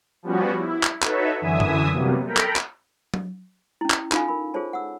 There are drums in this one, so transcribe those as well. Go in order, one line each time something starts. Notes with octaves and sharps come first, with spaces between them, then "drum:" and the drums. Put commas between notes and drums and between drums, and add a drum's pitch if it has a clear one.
F3 G3 B3 C#4 F#4
E4
drum: clap
D#4 F#4 A4 B4 C#5 E5, drum: clap
F#2 D3 E3 E5 G#5 D#6
drum: tom G2
C3 F#3 G3 A#3 B3
A4 A#4 G5 A#5 B5
drum: clap
drum: clap
drum: tom F#3
C#4 E4
drum: clap
D#4 F4 A4 F5 G#5, drum: clap
A#4 B5
F4 G#4 A4 C5 C#5 A5
F#5 E6